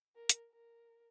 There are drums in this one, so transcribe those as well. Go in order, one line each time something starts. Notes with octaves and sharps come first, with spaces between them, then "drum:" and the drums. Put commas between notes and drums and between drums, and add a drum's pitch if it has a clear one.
A#4
drum: hi-hat
A#4